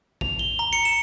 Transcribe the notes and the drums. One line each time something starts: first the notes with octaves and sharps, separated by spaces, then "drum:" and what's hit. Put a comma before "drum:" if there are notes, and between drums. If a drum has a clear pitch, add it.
F7, drum: kick A1
G7
A#5
C#7
E7